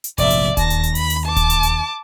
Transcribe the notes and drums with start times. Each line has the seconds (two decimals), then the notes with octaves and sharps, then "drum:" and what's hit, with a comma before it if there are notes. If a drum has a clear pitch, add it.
0.04 drum: hi-hat
0.18 F1 A#1 G#2 D5 E5, drum: open hi-hat
0.30 drum: hi-hat
0.57 D#2 A5 A#6, drum: kick D1, hi-hat
0.70 drum: hi-hat
0.83 drum: hi-hat
0.95 B5, drum: open hi-hat
1.10 drum: hi-hat
1.26 A5 D6
1.36 drum: kick D1, hi-hat
1.50 drum: hi-hat
1.63 drum: hi-hat